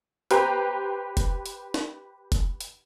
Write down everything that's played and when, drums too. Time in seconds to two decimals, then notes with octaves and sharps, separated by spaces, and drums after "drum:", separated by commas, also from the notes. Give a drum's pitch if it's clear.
0.31 G4 B4 C5 G5 A#5, drum: hi-hat
1.17 drum: kick F1, hi-hat
1.46 drum: hi-hat
1.74 drum: snare
2.32 drum: kick F1, hi-hat
2.61 drum: hi-hat